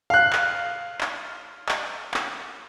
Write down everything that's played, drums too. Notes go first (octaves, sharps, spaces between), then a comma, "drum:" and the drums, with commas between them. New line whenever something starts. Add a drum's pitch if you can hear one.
F5 F#6
drum: clap
drum: clap
drum: clap
drum: clap